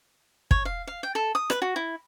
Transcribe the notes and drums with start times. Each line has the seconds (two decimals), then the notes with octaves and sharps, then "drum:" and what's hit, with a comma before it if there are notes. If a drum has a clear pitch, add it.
0.51 C#5, drum: kick
0.65 F5
0.87 F5
1.03 G5
1.15 A4
1.35 D#6
1.50 B4, drum: rim click
1.62 F#4
1.76 E4